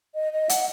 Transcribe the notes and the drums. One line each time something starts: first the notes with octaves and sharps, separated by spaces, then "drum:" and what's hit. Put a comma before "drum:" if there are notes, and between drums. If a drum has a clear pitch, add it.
D#5
D#5
F#5, drum: hi-hat